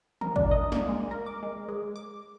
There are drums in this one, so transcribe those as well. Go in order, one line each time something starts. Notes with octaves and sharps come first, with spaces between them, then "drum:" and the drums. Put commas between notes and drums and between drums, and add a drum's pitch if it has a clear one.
A#4, drum: tom
D4, drum: kick
D#5
A#3, drum: snare
G#3
A#4
D6
G#3
G#3
D6